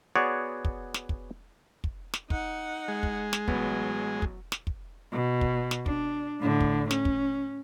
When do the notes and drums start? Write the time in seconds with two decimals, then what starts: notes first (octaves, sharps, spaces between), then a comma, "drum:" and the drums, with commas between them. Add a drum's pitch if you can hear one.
0.16 B3 F#4 G#4 C#5 D5
0.65 drum: kick
0.94 drum: snare
1.09 drum: kick
1.84 drum: kick
2.14 drum: snare
2.30 D#4 F#5, drum: kick
2.88 G#3
3.03 drum: kick
3.33 drum: snare
3.48 A1 F#3 B3, drum: kick
4.22 drum: kick
4.52 drum: snare
4.67 drum: kick
5.12 B2
5.41 drum: kick
5.71 drum: snare
5.86 D4, drum: kick
6.41 A2 D3
6.60 drum: kick
6.91 C#4, drum: snare
7.05 drum: kick